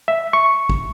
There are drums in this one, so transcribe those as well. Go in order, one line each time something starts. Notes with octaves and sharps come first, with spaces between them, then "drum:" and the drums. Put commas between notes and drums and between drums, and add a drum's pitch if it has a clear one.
E5
C#6
drum: kick